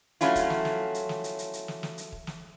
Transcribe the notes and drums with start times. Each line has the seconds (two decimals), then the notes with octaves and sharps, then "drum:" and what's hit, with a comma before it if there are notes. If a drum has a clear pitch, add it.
0.21 F#3 A3 C#4 E4 F4, drum: hi-hat
0.35 drum: kick, hi-hat
0.50 drum: snare
0.65 drum: snare
0.94 drum: hi-hat
1.09 drum: snare
1.24 drum: hi-hat
1.39 drum: hi-hat
1.53 drum: hi-hat
1.68 drum: snare
1.83 drum: snare
1.98 drum: hi-hat
2.12 drum: kick
2.27 drum: snare